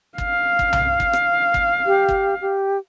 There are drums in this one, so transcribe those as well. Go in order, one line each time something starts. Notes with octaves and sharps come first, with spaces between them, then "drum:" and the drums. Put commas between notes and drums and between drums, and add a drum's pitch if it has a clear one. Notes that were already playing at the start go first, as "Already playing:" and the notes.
F5, drum: kick
drum: kick
drum: tom B1
drum: kick
drum: rim click
drum: kick
G4
drum: kick
G4